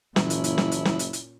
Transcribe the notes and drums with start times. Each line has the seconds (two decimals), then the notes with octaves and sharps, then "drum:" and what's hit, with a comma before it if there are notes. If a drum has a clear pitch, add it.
0.16 F#1 A#2 E3 C#4 E4, drum: snare
0.30 drum: hi-hat
0.44 drum: hi-hat
0.58 drum: snare
0.72 drum: hi-hat
0.85 drum: snare
0.99 drum: hi-hat
1.13 drum: hi-hat